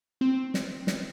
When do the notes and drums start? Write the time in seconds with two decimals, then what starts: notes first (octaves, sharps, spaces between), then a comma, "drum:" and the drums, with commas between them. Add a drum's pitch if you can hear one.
0.21 C4
0.54 drum: snare
0.87 drum: snare